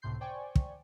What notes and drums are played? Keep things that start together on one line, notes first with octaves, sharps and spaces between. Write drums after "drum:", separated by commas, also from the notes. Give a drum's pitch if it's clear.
C#2 A2 C3 C6 G6 C7
C5 D5 G5 G#5 C#6
drum: kick